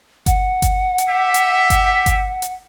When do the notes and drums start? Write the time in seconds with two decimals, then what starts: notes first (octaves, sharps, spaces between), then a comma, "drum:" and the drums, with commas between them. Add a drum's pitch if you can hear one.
0.26 F#5, drum: kick G1, hi-hat
0.62 drum: kick G1, hi-hat
0.98 drum: hi-hat
1.08 G4 E5
1.34 drum: hi-hat
1.70 drum: kick G1, hi-hat
2.06 drum: kick G1, hi-hat
2.42 drum: hi-hat